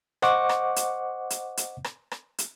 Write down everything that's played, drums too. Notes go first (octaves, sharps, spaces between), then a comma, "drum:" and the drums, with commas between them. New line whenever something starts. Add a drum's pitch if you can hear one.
C5 D#5 F#5 C#6 D6, drum: rim click
drum: rim click
drum: hi-hat
drum: hi-hat
drum: hi-hat
drum: rim click
drum: rim click
drum: hi-hat